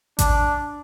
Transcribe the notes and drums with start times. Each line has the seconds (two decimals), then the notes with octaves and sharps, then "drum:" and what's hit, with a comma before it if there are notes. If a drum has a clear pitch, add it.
0.19 D4, drum: kick A1, hi-hat